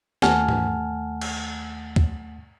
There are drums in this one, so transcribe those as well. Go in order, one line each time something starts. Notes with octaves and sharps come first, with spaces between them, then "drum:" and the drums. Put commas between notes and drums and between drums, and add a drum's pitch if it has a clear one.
D#2 A3 F#5 G#5 A5 F6, drum: snare
drum: tom G#2
drum: cymbal
drum: kick